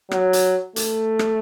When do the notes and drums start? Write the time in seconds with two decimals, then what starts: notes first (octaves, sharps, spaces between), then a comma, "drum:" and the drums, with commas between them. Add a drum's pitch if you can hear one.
0.11 F#3, drum: rim click
0.33 drum: hi-hat
0.76 A3, drum: hi-hat
1.19 drum: rim click